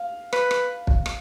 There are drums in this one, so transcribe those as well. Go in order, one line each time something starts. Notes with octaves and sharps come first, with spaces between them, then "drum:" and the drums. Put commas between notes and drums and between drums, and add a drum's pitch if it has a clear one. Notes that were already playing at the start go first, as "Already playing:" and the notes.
Already playing: F5
B4, drum: rim click
drum: rim click
drum: kick
drum: rim click